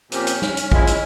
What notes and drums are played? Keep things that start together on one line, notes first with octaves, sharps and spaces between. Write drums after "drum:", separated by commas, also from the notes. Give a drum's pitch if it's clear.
A#2 F3 C4 C#4 G4, drum: hi-hat
drum: hi-hat
drum: snare
drum: hi-hat
F3 G#3 E4, drum: kick
drum: hi-hat